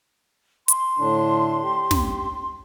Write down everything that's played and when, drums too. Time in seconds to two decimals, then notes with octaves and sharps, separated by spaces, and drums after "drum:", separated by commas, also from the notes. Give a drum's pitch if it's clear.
0.68 C6, drum: hi-hat
0.98 A2 D3 D4
1.62 G4
1.91 drum: snare